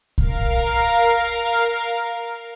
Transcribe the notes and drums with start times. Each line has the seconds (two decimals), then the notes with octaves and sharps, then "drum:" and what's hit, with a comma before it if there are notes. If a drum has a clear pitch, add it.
0.18 A#4 F5, drum: kick